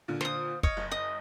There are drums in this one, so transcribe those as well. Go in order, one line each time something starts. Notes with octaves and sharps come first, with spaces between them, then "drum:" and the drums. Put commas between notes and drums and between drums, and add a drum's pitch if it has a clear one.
A#2 D3
C5 D#6, drum: snare
C#5 D#5 F5, drum: kick
F#1
D#5 D#6